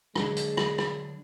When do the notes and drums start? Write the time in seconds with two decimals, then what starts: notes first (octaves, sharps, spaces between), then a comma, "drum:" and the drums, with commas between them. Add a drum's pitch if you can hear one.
0.16 D3 F#3 G#3 D4, drum: rim click
0.36 drum: hi-hat
0.57 drum: rim click
0.78 drum: rim click